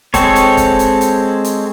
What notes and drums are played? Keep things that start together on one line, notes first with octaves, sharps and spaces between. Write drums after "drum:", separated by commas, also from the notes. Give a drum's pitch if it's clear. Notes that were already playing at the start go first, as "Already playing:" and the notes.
G#3 C4 A4 C#5, drum: kick, hi-hat
drum: hi-hat
drum: kick, hi-hat
drum: hi-hat
drum: hi-hat
drum: hi-hat